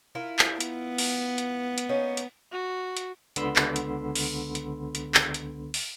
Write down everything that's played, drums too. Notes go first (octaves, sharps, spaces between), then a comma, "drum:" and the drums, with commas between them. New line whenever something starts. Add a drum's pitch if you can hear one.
E4 F4 A#4
drum: clap
B3, drum: hi-hat
drum: open hi-hat
drum: hi-hat
drum: hi-hat
A#3 C#4 D#4
drum: hi-hat
F#4
drum: hi-hat
C#2 D3 B3 B5 C6 E6, drum: hi-hat
drum: clap
drum: hi-hat
drum: open hi-hat
drum: hi-hat
drum: hi-hat
drum: clap
drum: hi-hat
drum: open hi-hat